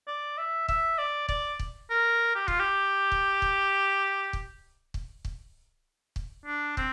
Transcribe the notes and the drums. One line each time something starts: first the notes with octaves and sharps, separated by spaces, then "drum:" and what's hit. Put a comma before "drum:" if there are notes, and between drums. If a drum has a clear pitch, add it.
D5
E5
E5, drum: kick
D5
D5, drum: kick
drum: kick
A#4
G4
F4, drum: kick
G4
drum: kick
drum: kick
drum: kick
drum: kick
drum: kick
drum: kick
D4
C4, drum: kick